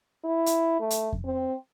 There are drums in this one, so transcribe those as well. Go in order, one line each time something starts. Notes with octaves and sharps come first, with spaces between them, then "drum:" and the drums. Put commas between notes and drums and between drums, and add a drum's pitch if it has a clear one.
E4
drum: hi-hat
A3
drum: hi-hat
drum: kick F2
C4